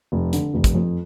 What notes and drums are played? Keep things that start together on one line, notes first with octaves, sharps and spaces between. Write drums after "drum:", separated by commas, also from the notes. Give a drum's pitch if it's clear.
F1
D3, drum: hi-hat
F1
drum: kick, hi-hat
F2